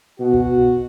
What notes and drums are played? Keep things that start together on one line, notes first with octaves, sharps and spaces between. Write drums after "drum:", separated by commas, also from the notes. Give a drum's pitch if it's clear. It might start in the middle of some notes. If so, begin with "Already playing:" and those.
B2 F#4
drum: kick